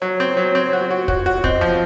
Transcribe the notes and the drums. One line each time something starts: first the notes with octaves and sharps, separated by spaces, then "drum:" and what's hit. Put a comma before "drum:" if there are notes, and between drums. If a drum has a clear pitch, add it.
F#3 C#5
C4
F#3
C4
F#4
F#4
F#4, drum: kick
F#4
C4 D#5, drum: kick
F3